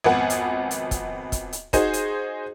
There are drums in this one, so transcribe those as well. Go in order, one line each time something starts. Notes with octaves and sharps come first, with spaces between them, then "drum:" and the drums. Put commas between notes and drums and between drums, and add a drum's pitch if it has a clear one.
G#1 F2 B3 F#5 G#5
drum: hi-hat
drum: hi-hat
drum: kick, hi-hat
drum: kick, hi-hat
drum: hi-hat
D#4 F#4 G#4 C5 D#5, drum: kick, hi-hat
drum: hi-hat